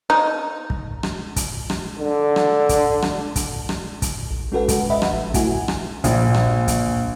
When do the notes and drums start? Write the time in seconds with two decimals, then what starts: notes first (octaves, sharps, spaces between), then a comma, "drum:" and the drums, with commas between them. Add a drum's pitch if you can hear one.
0.10 D#4
0.70 drum: kick
1.03 drum: rim click
1.36 drum: kick, hi-hat
1.70 drum: rim click
1.99 D3
2.36 drum: rim click
2.69 drum: kick, hi-hat
3.02 drum: rim click
3.36 drum: kick, hi-hat
3.69 drum: rim click
4.02 drum: kick, hi-hat
4.31 A#1
4.52 G#3 C#4 F#4 A4 B4 F#5
4.68 drum: kick, hi-hat
4.90 B4 D#5 E5 F#5 B5
5.02 drum: rim click
5.13 A1 F3
5.34 A3 E4 F#4 F#5 G#5, drum: kick, hi-hat
5.47 G#5
5.68 drum: rim click
6.04 A#1, drum: kick, hi-hat
6.35 drum: rim click
6.68 drum: kick, hi-hat